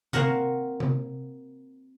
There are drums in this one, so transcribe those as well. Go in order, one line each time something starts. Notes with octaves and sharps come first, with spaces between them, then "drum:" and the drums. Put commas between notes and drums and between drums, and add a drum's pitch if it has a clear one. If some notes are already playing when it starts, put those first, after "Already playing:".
A#3 C4 F#4 A#4 F#5, drum: tom C3
drum: tom C3